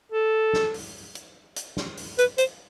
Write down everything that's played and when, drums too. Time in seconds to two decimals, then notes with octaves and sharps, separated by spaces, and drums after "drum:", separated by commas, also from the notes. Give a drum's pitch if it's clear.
0.12 A4
0.53 drum: snare
0.74 drum: open hi-hat
1.15 drum: hi-hat
1.56 drum: hi-hat
1.77 drum: snare
1.97 drum: open hi-hat
2.18 B4, drum: hi-hat
2.38 C5, drum: hi-hat